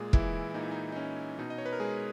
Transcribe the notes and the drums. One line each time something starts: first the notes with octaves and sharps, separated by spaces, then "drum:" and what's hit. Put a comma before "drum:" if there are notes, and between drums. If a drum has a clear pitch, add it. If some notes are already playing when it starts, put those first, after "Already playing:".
Already playing: A#2 G#3 G#4
E3 E4, drum: kick
A#2 D#4
E4
D#4
D#4
C#4
B2 D#4
D#5
C#5
B4
A#4
G#3 G#4